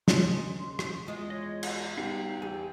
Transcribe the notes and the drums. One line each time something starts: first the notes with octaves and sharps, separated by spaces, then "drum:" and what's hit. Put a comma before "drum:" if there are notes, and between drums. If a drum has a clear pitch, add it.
D#2 C#3 C6, drum: snare
drum: rim click
E2 G#3 F4
C#5 D#5
drum: cymbal
G3 B3 D#4 G5 C7
E2 G4 G5 G#5